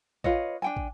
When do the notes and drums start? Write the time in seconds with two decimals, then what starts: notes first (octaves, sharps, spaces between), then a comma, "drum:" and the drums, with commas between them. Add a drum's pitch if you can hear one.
0.24 F4 B4 C#5 D#5, drum: kick
0.62 D4 G5 G#5
0.76 drum: kick